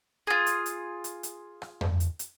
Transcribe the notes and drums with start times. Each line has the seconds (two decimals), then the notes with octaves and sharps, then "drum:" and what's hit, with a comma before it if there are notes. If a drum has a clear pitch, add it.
0.27 F4 G#4
0.46 drum: hi-hat
0.66 drum: hi-hat
1.04 drum: hi-hat
1.23 drum: hi-hat
1.62 drum: rim click
1.81 drum: tom F2
2.00 drum: hi-hat
2.19 drum: hi-hat